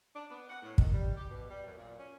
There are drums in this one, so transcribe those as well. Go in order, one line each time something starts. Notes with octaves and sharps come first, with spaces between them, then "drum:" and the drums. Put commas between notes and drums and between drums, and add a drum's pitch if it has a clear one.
D4
B3
F#5
A2
D#3, drum: kick
G3
G4
B2
G3
F#2
A#2
C#4